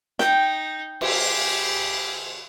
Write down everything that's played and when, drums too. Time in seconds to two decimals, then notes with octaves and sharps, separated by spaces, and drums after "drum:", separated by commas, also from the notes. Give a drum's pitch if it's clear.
0.19 D#4 G5, drum: snare
1.01 G4 G#4, drum: cymbal